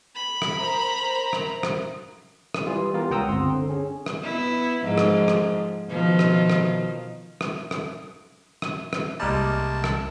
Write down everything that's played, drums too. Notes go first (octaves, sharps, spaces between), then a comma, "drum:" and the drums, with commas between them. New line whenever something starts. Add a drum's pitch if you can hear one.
B5
drum: rim click
A#4 C5 A#5
drum: rim click
drum: rim click
drum: rim click
E3 G3 F4
B3 F4 G4 A#4
C#2 F#5 G5 A#5 D#6 E6
G1 C4 C6
D3
C#4 G#4
drum: rim click
B3 E4
G#2 F3
drum: rim click
drum: rim click
B2 D#3 F3
drum: rim click
drum: rim click
drum: rim click
drum: rim click
drum: rim click
drum: rim click
C2 G3 G#3 A#3 A5
drum: rim click